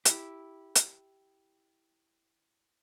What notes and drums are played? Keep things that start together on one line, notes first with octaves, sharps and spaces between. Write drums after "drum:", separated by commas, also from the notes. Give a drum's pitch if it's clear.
E4 G4, drum: hi-hat
drum: hi-hat